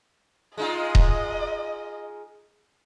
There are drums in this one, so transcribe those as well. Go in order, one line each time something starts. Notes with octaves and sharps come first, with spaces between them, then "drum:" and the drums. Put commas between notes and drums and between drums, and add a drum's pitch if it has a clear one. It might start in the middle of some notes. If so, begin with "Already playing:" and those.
G#3 D#4 F4 D#5
drum: kick D#1